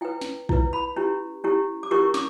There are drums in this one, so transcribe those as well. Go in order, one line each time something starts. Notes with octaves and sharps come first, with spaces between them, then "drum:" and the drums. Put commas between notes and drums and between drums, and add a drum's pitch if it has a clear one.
E4 B4 G5
drum: snare
E4 B4, drum: kick
B5
C#4 E4 G4
C#4 E4 G4
D6
C#4 E4 G4 A#4 C#6
D6, drum: snare